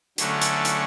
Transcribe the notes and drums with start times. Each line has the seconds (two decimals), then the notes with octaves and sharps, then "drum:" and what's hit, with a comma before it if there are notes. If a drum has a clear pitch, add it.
0.18 D3 F#3 A3 C#4, drum: hi-hat
0.42 drum: hi-hat
0.65 drum: hi-hat